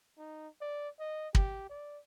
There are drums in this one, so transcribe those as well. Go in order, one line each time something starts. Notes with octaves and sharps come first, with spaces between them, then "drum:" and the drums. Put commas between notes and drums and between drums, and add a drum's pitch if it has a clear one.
D#4
D5
D#5
G4, drum: kick
D5